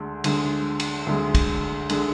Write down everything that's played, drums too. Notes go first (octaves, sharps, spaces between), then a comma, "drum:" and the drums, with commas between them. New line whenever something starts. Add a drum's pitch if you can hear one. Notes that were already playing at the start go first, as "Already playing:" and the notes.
Already playing: D2 D3 G#3
D2 D3 G#3, drum: cymbal
drum: cymbal
D2 D3 G#3
drum: kick, cymbal
D3 G#3, drum: cymbal